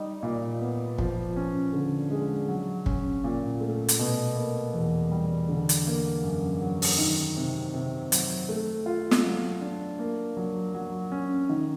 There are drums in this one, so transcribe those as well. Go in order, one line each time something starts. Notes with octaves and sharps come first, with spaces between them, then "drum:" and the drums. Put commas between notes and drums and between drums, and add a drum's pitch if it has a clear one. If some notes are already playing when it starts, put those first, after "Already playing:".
Already playing: G3 D#4
A#2
B3
F3, drum: kick
C#4
D3
G#3
F#3
C#4, drum: kick
A#2
A3
drum: hi-hat
B2
A#3
E2
G3
D3
drum: hi-hat
A#3
F#2
F#3
drum: open hi-hat
D#3
C3
C3
F#3, drum: hi-hat
A3
F4
drum: snare
F#3
D4
A#3
F#3
F#3
C#4
D#3